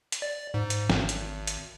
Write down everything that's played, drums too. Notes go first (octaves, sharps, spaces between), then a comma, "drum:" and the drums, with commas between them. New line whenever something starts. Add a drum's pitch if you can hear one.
drum: hi-hat
D5
G#2
drum: hi-hat
G#1, drum: snare
drum: hi-hat
drum: hi-hat